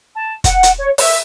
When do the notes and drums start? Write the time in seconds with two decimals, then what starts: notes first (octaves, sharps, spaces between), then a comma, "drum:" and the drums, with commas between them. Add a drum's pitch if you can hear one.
0.15 A5
0.44 F#5, drum: kick, hi-hat
0.63 drum: hi-hat
0.77 C#5
0.98 E5, drum: open hi-hat